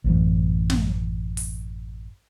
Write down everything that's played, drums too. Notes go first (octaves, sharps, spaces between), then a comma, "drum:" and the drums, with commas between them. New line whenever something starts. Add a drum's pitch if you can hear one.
A1 F#2 E3
drum: snare
drum: open hi-hat